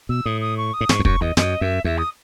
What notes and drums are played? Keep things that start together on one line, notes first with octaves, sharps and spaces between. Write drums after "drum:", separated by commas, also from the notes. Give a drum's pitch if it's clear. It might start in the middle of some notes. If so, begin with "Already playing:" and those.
B2 E6
A2 D#6
D#6
C#6
D#6
A2
G#2 C#6, drum: snare
E2
F#2 C#6, drum: kick
E2 D#5
F#2 D#5, drum: snare
F#2 E5
E2 E5
D#6